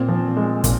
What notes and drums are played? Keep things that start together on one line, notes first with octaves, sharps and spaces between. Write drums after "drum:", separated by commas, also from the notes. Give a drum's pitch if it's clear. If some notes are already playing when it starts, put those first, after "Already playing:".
Already playing: A#2 C4
F3
G#3
A#2, drum: kick, hi-hat